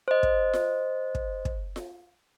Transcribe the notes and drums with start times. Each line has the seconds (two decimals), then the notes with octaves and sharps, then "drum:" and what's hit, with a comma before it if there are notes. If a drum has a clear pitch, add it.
0.08 C5 D#5
0.23 drum: kick
0.53 drum: snare F4
1.15 drum: kick
1.45 drum: kick
1.76 drum: snare F4